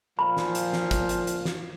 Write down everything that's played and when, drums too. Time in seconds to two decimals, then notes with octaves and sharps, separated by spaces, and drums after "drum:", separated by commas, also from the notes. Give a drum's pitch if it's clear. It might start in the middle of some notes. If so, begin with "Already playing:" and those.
0.19 A#2 F3 F5 B5
0.37 drum: snare
0.55 drum: hi-hat
0.73 drum: snare
0.91 drum: kick, hi-hat
1.09 drum: hi-hat
1.27 drum: hi-hat
1.45 drum: snare